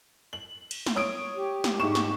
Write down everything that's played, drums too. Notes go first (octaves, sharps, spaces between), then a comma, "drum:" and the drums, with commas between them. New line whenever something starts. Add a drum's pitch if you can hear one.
F#7
drum: cymbal
drum: snare
C#5 D#6 D7
G4
drum: snare
G#2 C#6 E7
drum: snare